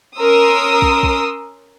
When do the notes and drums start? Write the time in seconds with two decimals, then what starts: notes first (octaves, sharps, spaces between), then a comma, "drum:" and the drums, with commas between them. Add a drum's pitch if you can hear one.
0.19 C#4 A#4 C6 D#6 E6
0.82 drum: kick
1.03 drum: kick